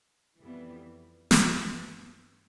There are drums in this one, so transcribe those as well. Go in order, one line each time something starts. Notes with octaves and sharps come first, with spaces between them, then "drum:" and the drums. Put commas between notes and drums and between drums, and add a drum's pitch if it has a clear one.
F2 E3 G3 B3
G2 F3 B3, drum: snare